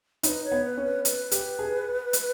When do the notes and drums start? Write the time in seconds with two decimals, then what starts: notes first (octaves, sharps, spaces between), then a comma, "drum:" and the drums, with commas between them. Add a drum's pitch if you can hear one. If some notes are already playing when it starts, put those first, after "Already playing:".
0.23 D#4 C#5, drum: hi-hat
0.28 B4
0.44 C#5
0.52 B3
0.65 B4
0.78 C#4
0.85 B4
1.05 B4, drum: hi-hat
1.31 G4, drum: hi-hat
1.59 G#4
2.13 drum: hi-hat